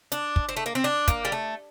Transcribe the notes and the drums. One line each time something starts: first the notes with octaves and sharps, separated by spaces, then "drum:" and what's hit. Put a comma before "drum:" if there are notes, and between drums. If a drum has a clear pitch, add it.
D4, drum: hi-hat
drum: kick
C4
A3
A#3
C4
D4
A#3, drum: kick, hi-hat
G3
A3